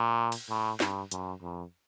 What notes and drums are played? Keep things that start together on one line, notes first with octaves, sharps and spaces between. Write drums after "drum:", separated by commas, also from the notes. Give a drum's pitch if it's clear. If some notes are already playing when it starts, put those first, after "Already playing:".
Already playing: A#2
drum: cymbal
A2
G2, drum: snare
F#2, drum: hi-hat
F2